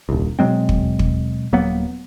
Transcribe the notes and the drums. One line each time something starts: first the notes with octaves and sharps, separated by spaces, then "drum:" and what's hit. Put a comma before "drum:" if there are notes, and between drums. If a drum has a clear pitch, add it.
D#1 C2
B2 F#3 G#3 C4
drum: kick
drum: kick
D#1 F#3 A#3 B3